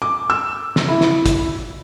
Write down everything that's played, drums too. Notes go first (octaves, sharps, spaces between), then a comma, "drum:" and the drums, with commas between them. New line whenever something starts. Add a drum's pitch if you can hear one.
D6
E6
drum: snare
E4
drum: snare
drum: kick, hi-hat